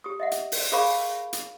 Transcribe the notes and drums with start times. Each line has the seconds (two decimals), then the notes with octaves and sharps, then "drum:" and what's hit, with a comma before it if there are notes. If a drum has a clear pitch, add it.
0.04 G4 D#6
0.20 D#5 E5 F#5
0.32 drum: hi-hat
0.52 drum: open hi-hat
0.72 G#4 A#4 C5 F5 B5 C#6
0.84 G#5
1.33 drum: hi-hat